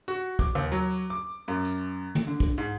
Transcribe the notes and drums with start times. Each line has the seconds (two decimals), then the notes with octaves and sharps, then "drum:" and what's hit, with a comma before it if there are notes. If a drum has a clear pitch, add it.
0.08 F#4
0.39 D6, drum: kick
0.55 D#2
0.72 F#3
1.10 D6
1.48 F#2
1.65 drum: tambourine
2.15 drum: tom
2.27 D3
2.40 drum: kick
2.58 G#2